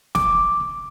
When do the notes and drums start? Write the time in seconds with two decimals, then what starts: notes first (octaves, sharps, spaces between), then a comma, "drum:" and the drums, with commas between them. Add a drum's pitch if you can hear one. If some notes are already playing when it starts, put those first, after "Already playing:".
0.15 D6, drum: snare